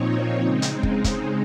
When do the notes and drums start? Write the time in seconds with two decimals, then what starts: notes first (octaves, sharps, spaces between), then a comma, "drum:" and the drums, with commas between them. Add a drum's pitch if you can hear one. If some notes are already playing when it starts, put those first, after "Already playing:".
Already playing: A#2 F3 C4 D#4 C#5
0.41 C#3 G#3 C4 D#4
0.62 drum: hi-hat
0.83 drum: kick
1.04 drum: kick, hi-hat